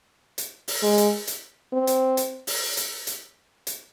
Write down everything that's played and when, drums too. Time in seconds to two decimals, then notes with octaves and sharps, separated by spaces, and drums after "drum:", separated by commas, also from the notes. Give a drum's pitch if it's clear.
0.38 drum: hi-hat
0.68 drum: open hi-hat
0.83 G#3
0.98 drum: hi-hat
1.27 drum: hi-hat
1.73 C4
1.87 drum: hi-hat
2.17 drum: hi-hat
2.47 drum: open hi-hat
2.77 drum: hi-hat
3.07 drum: hi-hat
3.67 drum: hi-hat